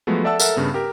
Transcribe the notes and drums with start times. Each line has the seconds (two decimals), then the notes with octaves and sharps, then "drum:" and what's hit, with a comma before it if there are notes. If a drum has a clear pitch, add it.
0.07 F3 F#3 G#3 A3 B3
0.24 A4 D5 E5 F#5 A5 E6
0.40 A4 A#4 E5 F#5 E6, drum: tambourine
0.56 G2 C#3 B3
0.74 G4 A#4